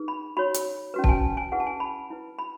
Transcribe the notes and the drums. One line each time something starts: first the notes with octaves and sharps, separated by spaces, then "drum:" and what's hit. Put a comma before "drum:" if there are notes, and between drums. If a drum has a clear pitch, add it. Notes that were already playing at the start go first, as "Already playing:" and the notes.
Already playing: D#4 G#4 B4
B5
F#4 C#5 B5
drum: hi-hat
C#4 F#4 B4
A5, drum: kick
G#5
G#5
E4 G#4 B4 F#5
A5
G#5
B5
E4 B4
B5